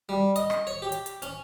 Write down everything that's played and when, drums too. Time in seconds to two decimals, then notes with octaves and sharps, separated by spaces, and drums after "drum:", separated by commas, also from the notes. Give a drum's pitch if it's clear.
0.09 G3
0.36 D#5, drum: hi-hat
0.50 drum: rim click
0.67 C#5
0.82 G4
0.92 drum: hi-hat
1.06 drum: hi-hat
1.22 C#4, drum: hi-hat